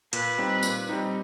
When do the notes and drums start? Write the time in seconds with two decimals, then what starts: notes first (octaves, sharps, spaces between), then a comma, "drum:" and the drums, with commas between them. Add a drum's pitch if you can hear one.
0.13 A#2 B4, drum: hi-hat
0.38 G3 C4 D#4
0.63 A#2, drum: tambourine
0.89 G3 C4 D#4